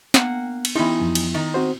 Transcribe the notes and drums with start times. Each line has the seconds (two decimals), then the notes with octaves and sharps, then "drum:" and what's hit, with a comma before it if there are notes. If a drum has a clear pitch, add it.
0.14 A#3 B3 F#5, drum: snare
0.65 drum: cymbal
0.75 E3 B3 C#4 D#4 E4
1.00 F2 F3
1.15 drum: cymbal
1.34 D#3 D#4
1.54 C4 F#4 C5